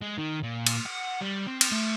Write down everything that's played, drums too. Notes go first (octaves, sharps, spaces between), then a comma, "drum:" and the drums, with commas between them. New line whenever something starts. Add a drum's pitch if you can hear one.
G#3
D#3
A#2
drum: cymbal
F#5
G3
C4
drum: cymbal
A3